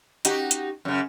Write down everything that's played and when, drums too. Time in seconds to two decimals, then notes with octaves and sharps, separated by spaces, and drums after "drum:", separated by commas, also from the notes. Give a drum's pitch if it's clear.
0.25 D#4 F#4 G4, drum: hi-hat
0.51 drum: hi-hat
0.85 F#2 C#3